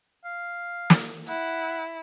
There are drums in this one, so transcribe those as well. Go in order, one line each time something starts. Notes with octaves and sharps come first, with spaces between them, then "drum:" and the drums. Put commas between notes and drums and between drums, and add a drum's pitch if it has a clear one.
F5
drum: snare
E4 F#5